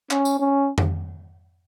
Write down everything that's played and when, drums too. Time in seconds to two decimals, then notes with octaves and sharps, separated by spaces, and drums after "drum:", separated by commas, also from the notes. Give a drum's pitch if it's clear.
0.11 C#4, drum: clap
0.25 drum: tambourine
0.39 C#4
0.78 drum: tom F2